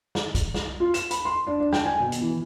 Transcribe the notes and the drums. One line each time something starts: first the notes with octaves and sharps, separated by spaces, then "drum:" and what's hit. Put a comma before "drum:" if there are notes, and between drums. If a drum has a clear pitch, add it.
drum: snare
drum: kick B1, hi-hat
drum: snare
F4
E7, drum: hi-hat
B5, drum: hi-hat
C6
D4
D4
G5, drum: snare
G#5
B2
drum: hi-hat
E3